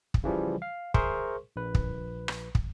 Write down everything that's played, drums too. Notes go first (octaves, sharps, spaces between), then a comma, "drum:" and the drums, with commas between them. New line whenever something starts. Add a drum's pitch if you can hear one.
drum: kick
C#3 E3 F3 G3
F5
G#4 A#4 C5 E5 C6 C#6, drum: kick
A#1 B4
drum: kick
drum: rim click
drum: kick